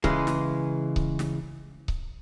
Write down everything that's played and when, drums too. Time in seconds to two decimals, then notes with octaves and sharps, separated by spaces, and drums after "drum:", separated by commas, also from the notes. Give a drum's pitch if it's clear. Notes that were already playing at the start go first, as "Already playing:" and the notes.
0.04 C#3 E3 G#3, drum: kick C#1
0.27 drum: snare
0.96 drum: kick C#1
1.19 drum: snare
1.88 drum: kick C#1